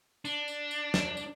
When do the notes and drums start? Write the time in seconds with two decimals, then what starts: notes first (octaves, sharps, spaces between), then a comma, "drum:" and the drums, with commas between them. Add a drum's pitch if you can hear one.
0.25 D4, drum: tambourine
0.48 drum: tambourine
0.71 drum: tambourine
0.94 drum: snare
1.17 drum: tambourine